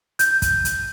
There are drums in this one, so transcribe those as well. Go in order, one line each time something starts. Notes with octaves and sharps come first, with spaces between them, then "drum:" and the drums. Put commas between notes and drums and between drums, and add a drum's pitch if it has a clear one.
G6, drum: hi-hat
drum: kick, hi-hat
drum: hi-hat